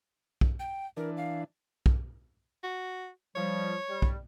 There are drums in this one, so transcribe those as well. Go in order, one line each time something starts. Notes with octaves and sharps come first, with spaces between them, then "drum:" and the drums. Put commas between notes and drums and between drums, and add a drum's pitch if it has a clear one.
drum: kick
G5
E3 D4 A#4
F5
drum: kick
F#4
F3 G3 C#5
G3
drum: kick